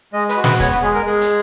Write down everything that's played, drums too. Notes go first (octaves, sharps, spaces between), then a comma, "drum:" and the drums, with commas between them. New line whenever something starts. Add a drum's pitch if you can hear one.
G#3 D#5
B4, drum: hi-hat
F#4
B4, drum: snare
B3 C#5, drum: kick, hi-hat
B4
G#3 G#4
A#4
G#3 G#4
drum: hi-hat